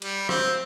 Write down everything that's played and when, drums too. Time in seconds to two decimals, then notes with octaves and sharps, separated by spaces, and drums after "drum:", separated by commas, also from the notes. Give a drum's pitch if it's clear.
0.02 G3, drum: cymbal
0.29 C4, drum: rim click